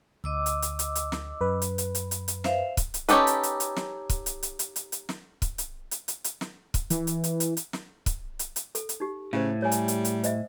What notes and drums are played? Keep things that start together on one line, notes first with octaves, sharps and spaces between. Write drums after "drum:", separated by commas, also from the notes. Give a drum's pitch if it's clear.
D2 D#5 D6 E6
drum: hi-hat
drum: hi-hat
drum: hi-hat
drum: hi-hat
drum: snare
F#2 B4
drum: hi-hat
drum: hi-hat
drum: hi-hat
drum: hi-hat
drum: hi-hat
C5 E5 F5, drum: snare
drum: kick, hi-hat
drum: hi-hat
C#4 D#4 G4 A4 B4, drum: hi-hat
drum: hi-hat
drum: hi-hat
drum: hi-hat
drum: snare
drum: kick, hi-hat
drum: hi-hat
drum: hi-hat
drum: hi-hat
drum: hi-hat
drum: hi-hat
drum: snare
drum: kick, hi-hat
drum: hi-hat
drum: hi-hat
drum: hi-hat
drum: hi-hat
drum: snare
drum: kick, hi-hat
E3, drum: hi-hat
drum: hi-hat
drum: hi-hat
drum: hi-hat
drum: hi-hat
drum: snare
drum: kick, hi-hat
drum: hi-hat
drum: hi-hat
A4, drum: hi-hat
drum: hi-hat
D#4 G4
A2 C#3 C5 F5
G3 C#5 G#5
drum: hi-hat
drum: hi-hat
drum: hi-hat
C5 D#5 E5, drum: hi-hat